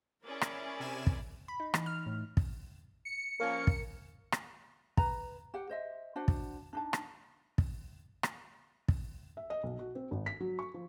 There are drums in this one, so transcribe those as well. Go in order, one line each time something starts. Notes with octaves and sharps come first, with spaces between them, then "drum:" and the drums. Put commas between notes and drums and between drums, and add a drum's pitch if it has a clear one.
C#4 E4 G#4 A#4 D5
drum: rim click
C3 G#5 E7
drum: kick
B5
D#4
E3, drum: rim click
F6
A2
drum: kick
C#7
F3 A#3 C#4 A#4
drum: kick
drum: rim click
B4 A#5, drum: kick
G4 F#5
C5 D#5 E5
D4 F#4 C5 F#5
drum: kick
D4 D#4 A5
drum: rim click
drum: kick
drum: rim click
drum: kick
E5
D#5
B1
F#4
C4
G#1
B6
F#3
C#6
F3